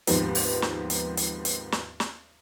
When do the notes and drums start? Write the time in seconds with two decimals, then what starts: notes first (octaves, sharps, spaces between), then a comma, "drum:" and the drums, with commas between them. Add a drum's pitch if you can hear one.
0.07 D#2 G#2 D#3 F3 B3 C4, drum: hi-hat
0.35 drum: open hi-hat
0.62 drum: snare
0.90 drum: hi-hat
1.17 drum: hi-hat
1.45 drum: hi-hat
1.72 drum: snare
2.00 drum: snare